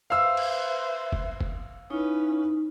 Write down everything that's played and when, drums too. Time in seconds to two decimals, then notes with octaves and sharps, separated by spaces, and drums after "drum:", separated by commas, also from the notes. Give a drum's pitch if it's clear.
0.10 B4 C5 E5 F5 E6
0.37 drum: cymbal
1.12 drum: kick
1.41 drum: kick
1.91 C#4 D#4 E4 B4